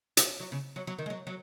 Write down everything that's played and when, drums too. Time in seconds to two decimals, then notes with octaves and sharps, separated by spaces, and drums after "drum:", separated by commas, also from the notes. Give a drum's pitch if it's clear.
0.17 F#3, drum: hi-hat
0.40 F#3
0.52 C#3
0.76 F#3
0.87 F#3
0.99 D#3
1.06 G#3
1.10 F#3
1.27 F#3